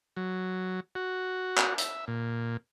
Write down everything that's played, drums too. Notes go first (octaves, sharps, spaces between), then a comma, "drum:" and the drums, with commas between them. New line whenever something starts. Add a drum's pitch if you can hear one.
F#3
F#4
drum: clap
E5, drum: hi-hat
A#2